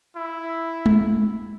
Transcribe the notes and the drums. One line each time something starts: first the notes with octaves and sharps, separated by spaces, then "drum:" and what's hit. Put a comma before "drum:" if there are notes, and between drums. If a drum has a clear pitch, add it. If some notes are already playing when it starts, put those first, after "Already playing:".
E4
drum: tom G#3